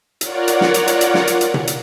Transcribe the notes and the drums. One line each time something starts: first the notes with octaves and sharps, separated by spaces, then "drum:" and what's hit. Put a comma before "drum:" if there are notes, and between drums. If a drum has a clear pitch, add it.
F4 A#4 C#5 D5 F#5, drum: hi-hat
drum: hi-hat
drum: snare
drum: hi-hat
drum: hi-hat
drum: hi-hat
drum: snare
drum: hi-hat
drum: hi-hat
drum: tom B2
drum: hi-hat